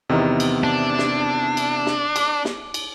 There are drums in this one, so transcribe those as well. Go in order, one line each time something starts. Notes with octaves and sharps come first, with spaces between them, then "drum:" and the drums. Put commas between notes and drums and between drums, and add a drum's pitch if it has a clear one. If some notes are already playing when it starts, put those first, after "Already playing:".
E2 C3 D#3 B3
drum: cymbal
D4
drum: snare
drum: cymbal
drum: snare
D6, drum: cymbal
drum: snare
drum: cymbal